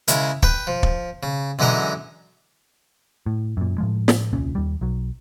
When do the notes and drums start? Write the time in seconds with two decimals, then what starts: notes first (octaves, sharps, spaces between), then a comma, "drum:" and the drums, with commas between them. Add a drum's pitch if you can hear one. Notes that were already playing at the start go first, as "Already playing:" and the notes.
0.08 C#3 G#3 E4 A#4, drum: hi-hat
0.43 B4 G5, drum: kick
0.67 F3
0.83 drum: kick
1.23 C#3
1.59 F#2 D3 E3 G#3 D#5 A#5
3.26 A2
3.57 F#2 A#2
3.78 A2 F3 G#3
4.08 drum: snare
4.33 D#1 C2 A#2 C#4
4.55 D#2 G3
4.81 B1 F#3